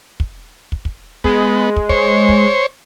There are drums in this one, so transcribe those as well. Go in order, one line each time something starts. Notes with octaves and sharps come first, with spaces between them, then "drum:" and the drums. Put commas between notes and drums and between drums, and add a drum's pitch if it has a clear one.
drum: kick
drum: kick
drum: kick
G#3 B3, drum: kick
drum: kick
C5 C#5, drum: kick
drum: kick